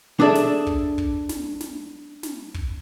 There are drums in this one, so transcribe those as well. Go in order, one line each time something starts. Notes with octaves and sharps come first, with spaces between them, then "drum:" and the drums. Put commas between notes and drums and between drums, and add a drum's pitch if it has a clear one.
D4 G#4 A4 D5 E5
drum: snare
drum: kick
drum: kick
drum: snare
drum: snare
drum: snare
drum: kick